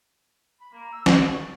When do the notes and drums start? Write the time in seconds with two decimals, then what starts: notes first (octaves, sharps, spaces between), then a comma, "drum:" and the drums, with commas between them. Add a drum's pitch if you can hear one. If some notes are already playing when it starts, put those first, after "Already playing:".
0.60 B5
0.72 A#3
0.92 E6
1.06 C4, drum: snare
1.24 F#3
1.38 A5